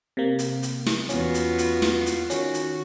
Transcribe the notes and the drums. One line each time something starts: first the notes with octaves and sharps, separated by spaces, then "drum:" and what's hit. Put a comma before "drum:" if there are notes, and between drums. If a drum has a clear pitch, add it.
C3 A#3
drum: hi-hat
drum: hi-hat
drum: snare
E2 B3 C#4 F4 F#4, drum: hi-hat
drum: hi-hat
drum: hi-hat
drum: snare
drum: hi-hat
D#3 C#4 F#4, drum: hi-hat
drum: hi-hat